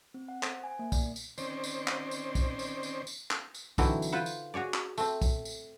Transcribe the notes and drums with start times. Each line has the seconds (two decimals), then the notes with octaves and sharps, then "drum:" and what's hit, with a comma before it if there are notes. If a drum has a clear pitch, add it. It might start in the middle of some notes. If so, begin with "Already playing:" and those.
0.14 C4
0.28 F#5
0.43 C5, drum: clap
0.64 G#5
0.79 A#3
0.92 D5, drum: kick, tambourine
1.16 drum: tambourine
1.38 D#3 C4 C#4 C5 D5, drum: tambourine
1.64 drum: tambourine
1.87 drum: clap
2.11 drum: tambourine
2.35 drum: kick, tambourine
2.59 drum: tambourine
2.83 drum: tambourine
3.07 drum: tambourine
3.31 drum: clap
3.55 drum: tambourine
3.78 D3 E3 F#3 C4 D#4 E4, drum: kick, tambourine
4.02 drum: tambourine
4.12 F4 B4 C5 F#5
4.26 drum: tambourine
4.54 F#4 G#4 C#5 D5
4.74 drum: clap
4.98 A3 C4, drum: tambourine
5.22 drum: kick, tambourine
5.45 drum: tambourine